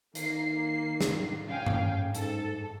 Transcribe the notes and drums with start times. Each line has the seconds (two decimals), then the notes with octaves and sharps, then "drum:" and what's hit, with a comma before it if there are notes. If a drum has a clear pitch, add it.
0.15 D#3 A#3 C7, drum: hi-hat
1.01 drum: snare
1.48 C#4 F5 G5 G#5
1.66 drum: tom G2
2.15 G#2 A4, drum: hi-hat